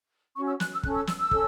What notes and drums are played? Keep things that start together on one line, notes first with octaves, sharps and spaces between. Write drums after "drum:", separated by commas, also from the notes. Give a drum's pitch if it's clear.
C#4 F#4 C#5 C#6
E6
F#6, drum: snare
E6
C#4 A4 C#5 F#6, drum: kick
E6
E6, drum: snare
E6
C#4 A4 C#5, drum: kick